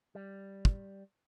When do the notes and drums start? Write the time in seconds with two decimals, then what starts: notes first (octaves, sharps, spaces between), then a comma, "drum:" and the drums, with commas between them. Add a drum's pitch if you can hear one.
0.15 G3
0.65 drum: kick